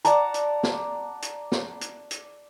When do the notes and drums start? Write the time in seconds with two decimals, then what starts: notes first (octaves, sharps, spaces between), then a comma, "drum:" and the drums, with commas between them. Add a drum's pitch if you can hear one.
0.05 D5 F#5 A5 A#5, drum: hi-hat
0.34 drum: hi-hat
0.63 drum: snare
1.22 drum: hi-hat
1.52 drum: snare
1.81 drum: hi-hat
2.11 drum: hi-hat